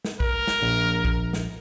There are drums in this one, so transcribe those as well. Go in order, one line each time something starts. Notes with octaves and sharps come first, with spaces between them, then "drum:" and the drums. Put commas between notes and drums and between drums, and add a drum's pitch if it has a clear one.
drum: snare
A#4, drum: kick
drum: snare
A#1
drum: kick
drum: snare